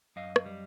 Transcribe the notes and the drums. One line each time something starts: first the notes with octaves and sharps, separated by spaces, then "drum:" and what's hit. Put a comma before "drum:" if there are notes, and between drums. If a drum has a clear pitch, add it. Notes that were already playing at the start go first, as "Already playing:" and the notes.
F#2 D#5 F5
drum: rim click
G3